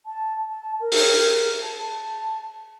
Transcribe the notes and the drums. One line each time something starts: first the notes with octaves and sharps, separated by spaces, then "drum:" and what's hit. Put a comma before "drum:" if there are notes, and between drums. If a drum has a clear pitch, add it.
A5
A5
A#4
drum: open hi-hat
A5